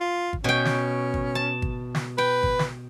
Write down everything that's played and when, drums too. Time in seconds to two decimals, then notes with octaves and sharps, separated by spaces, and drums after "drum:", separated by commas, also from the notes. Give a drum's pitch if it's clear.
0.01 F4
0.33 drum: kick G#1
0.44 B2 C#4 G5
0.65 drum: snare
1.14 drum: kick G#1
1.35 A5
1.62 drum: kick G#1
1.95 drum: snare
2.18 B4 G5
2.43 drum: kick G#1
2.59 drum: snare